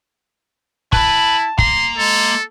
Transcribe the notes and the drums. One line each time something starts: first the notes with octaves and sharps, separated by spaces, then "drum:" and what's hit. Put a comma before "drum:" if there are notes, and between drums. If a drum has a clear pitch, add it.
E4 B4 A5 B5, drum: kick
A#3 A#5 C6, drum: kick
G#3 A4